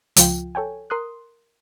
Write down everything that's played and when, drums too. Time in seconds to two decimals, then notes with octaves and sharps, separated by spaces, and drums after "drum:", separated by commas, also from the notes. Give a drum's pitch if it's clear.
0.16 C#2 F3 F4 G5, drum: hi-hat
0.55 A4 C#5 G5 G#5
0.90 A#4 C6 D#6 F#6